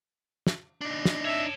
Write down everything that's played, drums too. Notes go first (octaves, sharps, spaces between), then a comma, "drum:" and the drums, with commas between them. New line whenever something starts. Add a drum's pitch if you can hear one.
drum: snare
D4 D#4
drum: snare
C#5 E5 A5